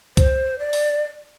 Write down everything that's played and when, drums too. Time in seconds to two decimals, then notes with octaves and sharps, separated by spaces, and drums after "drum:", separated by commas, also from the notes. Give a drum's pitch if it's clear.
0.17 C5, drum: kick C2, hi-hat
0.59 D5
0.73 drum: open hi-hat